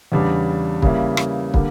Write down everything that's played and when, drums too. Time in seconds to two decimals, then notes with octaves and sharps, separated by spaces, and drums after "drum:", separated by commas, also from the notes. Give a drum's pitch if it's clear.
0.12 E2 C#3 G3 D4
0.82 C#3 G3 A#3 E4, drum: kick
1.17 drum: rim click
1.54 D3 G3 A#3, drum: kick